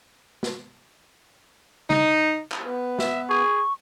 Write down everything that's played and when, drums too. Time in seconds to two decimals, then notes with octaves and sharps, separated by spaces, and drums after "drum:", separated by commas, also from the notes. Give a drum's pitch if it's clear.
0.43 drum: snare
1.90 D#4, drum: tom C#3
2.52 drum: clap
2.65 B3 B4
2.99 E5, drum: snare
3.29 G#4 C#6